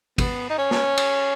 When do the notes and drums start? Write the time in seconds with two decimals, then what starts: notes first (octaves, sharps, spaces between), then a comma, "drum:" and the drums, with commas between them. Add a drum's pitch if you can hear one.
0.18 B3, drum: kick, cymbal
0.50 D#4
0.58 C#4
0.71 drum: snare
0.97 drum: cymbal